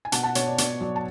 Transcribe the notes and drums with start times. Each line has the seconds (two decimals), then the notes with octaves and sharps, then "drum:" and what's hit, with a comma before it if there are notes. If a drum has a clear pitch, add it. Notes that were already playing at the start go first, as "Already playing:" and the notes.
0.05 G#5
0.12 B2 F#5 A5, drum: hi-hat
0.23 F#5 A5
0.35 B2 C#5, drum: hi-hat
0.47 D5
0.58 B2 D5, drum: hi-hat
0.81 F#3 D5
0.96 A5